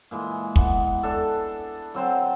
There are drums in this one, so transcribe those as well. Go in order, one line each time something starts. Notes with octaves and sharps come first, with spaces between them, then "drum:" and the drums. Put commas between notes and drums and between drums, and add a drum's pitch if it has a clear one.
A#2 E3 G#3
B3, drum: kick
D4 A4
F#3 C4 C5